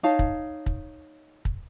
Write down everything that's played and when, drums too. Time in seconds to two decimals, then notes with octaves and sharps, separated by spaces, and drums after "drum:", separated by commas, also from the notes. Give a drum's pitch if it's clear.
0.03 D#4 C#5 F5 A5
0.19 drum: kick
0.66 drum: kick
1.45 drum: kick